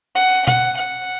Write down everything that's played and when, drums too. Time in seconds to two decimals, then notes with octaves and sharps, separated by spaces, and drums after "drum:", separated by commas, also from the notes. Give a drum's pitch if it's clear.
0.15 F#5
0.47 F#5, drum: tom B2
0.78 F#5